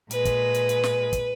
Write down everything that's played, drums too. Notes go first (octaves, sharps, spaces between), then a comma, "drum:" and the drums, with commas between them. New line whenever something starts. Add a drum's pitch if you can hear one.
A#2 G#3 B4, drum: hi-hat
drum: kick, hi-hat
drum: hi-hat
drum: hi-hat
drum: snare
drum: kick, hi-hat